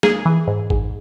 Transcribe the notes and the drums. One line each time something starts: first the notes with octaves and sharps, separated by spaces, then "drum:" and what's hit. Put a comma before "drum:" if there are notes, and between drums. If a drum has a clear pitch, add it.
A#3 G#4, drum: snare
E3
G#2
G#2, drum: kick G#1